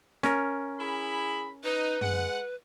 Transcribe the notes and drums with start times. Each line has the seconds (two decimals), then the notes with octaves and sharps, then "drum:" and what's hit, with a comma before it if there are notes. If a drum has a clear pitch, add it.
0.23 C#4 A#4, drum: snare
0.79 E4 G#4 B5
1.64 D#4 B4
2.01 G#3 F#5, drum: tom